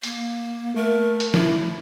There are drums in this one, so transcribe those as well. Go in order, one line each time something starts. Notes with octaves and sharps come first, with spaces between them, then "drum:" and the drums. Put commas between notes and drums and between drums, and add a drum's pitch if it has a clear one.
A#3, drum: hi-hat
A3 A#4
drum: hi-hat
E4, drum: snare